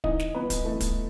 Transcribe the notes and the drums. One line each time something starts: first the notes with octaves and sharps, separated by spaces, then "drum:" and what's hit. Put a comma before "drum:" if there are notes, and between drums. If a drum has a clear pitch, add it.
E3 D#4 D#5, drum: kick
drum: snare
G1 B3 B4
drum: kick, hi-hat
E3 A3 A4
drum: kick, hi-hat